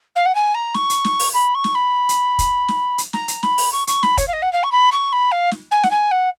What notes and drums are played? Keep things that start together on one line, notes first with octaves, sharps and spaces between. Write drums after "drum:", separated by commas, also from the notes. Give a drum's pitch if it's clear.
F5
F#5
G#5
A#5
C#6, drum: snare
drum: hi-hat
drum: snare
drum: open hi-hat
B5
C#6
drum: snare
B5
drum: hi-hat
drum: kick, hi-hat
drum: snare
drum: hi-hat
A#5, drum: snare
drum: hi-hat
B5, drum: snare
drum: open hi-hat
C#6
C#6, drum: hi-hat
B5, drum: snare
C#5, drum: kick, hi-hat
F5
D#5
F#5
F5
C#6
B5
C#6
B5
F5
drum: snare
G#5
F#5, drum: snare
G#5
F#5